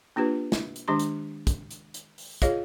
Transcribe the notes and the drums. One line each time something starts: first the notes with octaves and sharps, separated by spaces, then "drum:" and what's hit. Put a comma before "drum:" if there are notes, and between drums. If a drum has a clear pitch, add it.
A#3 D4 F4 G4 B4
drum: snare
drum: hi-hat
D#3 G#3 D4 G4 C6
drum: hi-hat
drum: kick, hi-hat
drum: hi-hat
drum: hi-hat
drum: open hi-hat
F4 G#4 C#5 D#5 F5, drum: kick, hi-hat